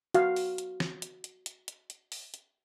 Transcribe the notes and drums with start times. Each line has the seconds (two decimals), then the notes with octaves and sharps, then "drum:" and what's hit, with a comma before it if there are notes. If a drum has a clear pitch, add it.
0.14 F#4 F5, drum: hi-hat
0.36 drum: open hi-hat
0.58 drum: hi-hat
0.80 drum: snare
1.02 drum: hi-hat
1.24 drum: hi-hat
1.46 drum: hi-hat
1.68 drum: hi-hat
1.90 drum: hi-hat
2.12 drum: open hi-hat
2.34 drum: hi-hat